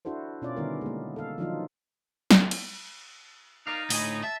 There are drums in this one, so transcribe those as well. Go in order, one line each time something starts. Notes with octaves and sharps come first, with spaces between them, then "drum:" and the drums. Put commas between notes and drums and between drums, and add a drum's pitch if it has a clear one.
D4 E4 F#4 A4 C5
B2 C#4 F4 D5
D3 D#3 G3 B3 E4 A#4
G#3 A#3
A4 F5
D#3 F3 F#3 D4 D#4 F4
drum: snare
drum: cymbal
D#4 A#4 D5 F5
D2 A2 D#5 G#5, drum: open hi-hat
E5 A5